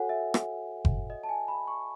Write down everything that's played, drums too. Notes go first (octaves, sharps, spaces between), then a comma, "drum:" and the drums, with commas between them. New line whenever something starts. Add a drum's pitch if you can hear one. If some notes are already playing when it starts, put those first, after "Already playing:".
Already playing: F#4 A4 C#5 F#5 G#5
E5
drum: rim click
drum: kick F#1
D#5
A5
G#5
B5
C#6